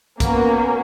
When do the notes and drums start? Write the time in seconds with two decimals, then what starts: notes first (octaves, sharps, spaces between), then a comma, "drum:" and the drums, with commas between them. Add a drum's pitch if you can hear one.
0.20 A#3 B3 C#4 F#4, drum: kick, hi-hat